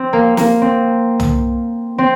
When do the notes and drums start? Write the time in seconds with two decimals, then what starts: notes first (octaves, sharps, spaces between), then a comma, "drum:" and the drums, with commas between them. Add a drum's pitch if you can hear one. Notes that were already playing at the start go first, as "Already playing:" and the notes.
Already playing: C4
0.13 A#3
0.37 A#3, drum: snare
0.61 C4
1.20 drum: tom
1.98 C4